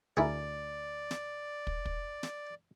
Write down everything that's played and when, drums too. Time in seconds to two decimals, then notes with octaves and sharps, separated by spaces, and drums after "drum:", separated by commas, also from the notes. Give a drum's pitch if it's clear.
0.17 D2 E4 G#4 A#4 D5
1.11 drum: snare
1.67 drum: kick
1.85 drum: kick
2.23 drum: snare